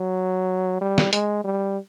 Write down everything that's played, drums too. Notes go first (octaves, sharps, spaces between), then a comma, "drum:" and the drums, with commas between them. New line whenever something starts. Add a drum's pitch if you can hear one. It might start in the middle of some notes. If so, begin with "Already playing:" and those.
Already playing: F#3
G3
drum: snare
G#3, drum: hi-hat
G3